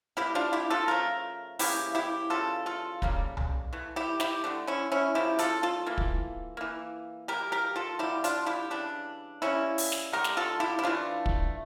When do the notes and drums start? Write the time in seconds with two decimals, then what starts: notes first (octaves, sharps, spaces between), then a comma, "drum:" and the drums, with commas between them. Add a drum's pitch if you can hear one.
0.17 E3 G3 A#3 E4 G4
0.35 D4 F4
0.53 E4 G4
0.70 F4 A4
0.88 C#3 F3 A3 A#4
1.59 C#3 E3 A#3 E4 G4, drum: open hi-hat
1.95 E4 G4
2.30 C#3 E3 G3 F4 A4
2.66 F4 A4
3.02 C#3 G3 A#3, drum: kick
3.37 drum: tom B1
3.73 E3 A3
3.96 E4 G4
4.20 E4 G4, drum: snare
4.44 D3 A3 D4
4.67 C#4 E4
4.92 C#4 E4
5.15 C#3 F3 A#3 E4 G4
5.39 F4 A4, drum: hi-hat
5.63 F4 A4
5.86 E3 A#3
5.98 drum: kick
6.57 E3 A#3
7.28 E3 A#3 G4 A#4
7.52 G4 A#4
7.76 F4 A4
7.99 D3 G3 A#3 E4 G4
8.24 D4 F4, drum: hi-hat
8.46 E4 G4
8.70 C#3 E3 G3 D4
9.42 D3 G3 A#3 C#4 E4
9.78 drum: open hi-hat
9.92 drum: snare
10.12 D3 A3 G4 A#4
10.24 drum: snare
10.37 F4 A4
10.60 E4 G4
10.79 E4
10.84 E3 A3 D4 F4
11.26 drum: kick